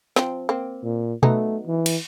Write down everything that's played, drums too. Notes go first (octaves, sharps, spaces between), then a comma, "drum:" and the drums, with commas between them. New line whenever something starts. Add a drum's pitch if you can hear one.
F3 C4, drum: snare
A#3 C4
A#2
F#3 A3 B3 D#4, drum: tom B2
E3
drum: cymbal